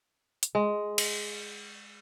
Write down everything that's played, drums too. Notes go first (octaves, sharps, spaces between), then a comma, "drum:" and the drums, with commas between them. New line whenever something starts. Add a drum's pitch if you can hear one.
drum: hi-hat
G#3
drum: cymbal